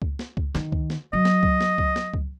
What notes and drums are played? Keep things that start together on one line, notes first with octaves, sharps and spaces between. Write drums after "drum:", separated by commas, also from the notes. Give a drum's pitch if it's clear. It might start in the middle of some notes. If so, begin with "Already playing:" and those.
drum: kick C#2
drum: snare
drum: kick C#2
D#3, drum: snare
drum: kick C#2
drum: snare
F#3 D#5
drum: snare
drum: kick C#2
drum: snare
drum: kick C#2
drum: snare
drum: kick C#2